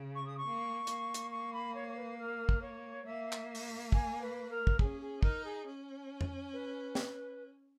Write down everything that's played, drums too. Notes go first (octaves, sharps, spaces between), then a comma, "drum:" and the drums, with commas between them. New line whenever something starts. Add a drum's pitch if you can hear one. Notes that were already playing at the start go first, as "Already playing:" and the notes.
Already playing: C#3
C#6
D#6
C#6
A#3
A#3, drum: hi-hat
drum: hi-hat
C#6
B5
C#5
C#5
B4
A#4
drum: kick
C#5
A#3 E5
drum: clap
drum: open hi-hat
G#5, drum: kick
B4
A#4
drum: kick
C#4 G#4, drum: kick
G#4
D#4 A#4, drum: kick
G#4
C#4
drum: tom F2
B4
drum: snare